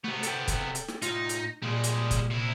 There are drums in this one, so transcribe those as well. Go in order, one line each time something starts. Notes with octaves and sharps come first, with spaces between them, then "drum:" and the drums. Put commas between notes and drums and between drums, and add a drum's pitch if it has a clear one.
C3 A3 B3
A4 G5, drum: hi-hat
drum: kick, hi-hat
drum: hi-hat
drum: snare
A2 D#4 F4, drum: hi-hat
drum: hi-hat
A#2 G3 G#3
drum: hi-hat
drum: kick, hi-hat
C3 E4